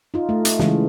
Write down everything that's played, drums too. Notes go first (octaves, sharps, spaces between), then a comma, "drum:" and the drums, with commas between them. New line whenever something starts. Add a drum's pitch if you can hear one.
D#4 F4
A3
drum: hi-hat
C#3 E3 G#3, drum: snare